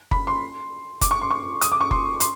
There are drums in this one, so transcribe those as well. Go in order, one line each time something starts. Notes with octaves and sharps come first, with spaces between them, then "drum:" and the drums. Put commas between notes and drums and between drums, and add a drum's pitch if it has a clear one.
B5, drum: kick F#1
C6
D6, drum: kick F#1, hi-hat
C#6
C6
C#6
D#6, drum: hi-hat
D6
C#6
C6, drum: kick F#1
C6, drum: hi-hat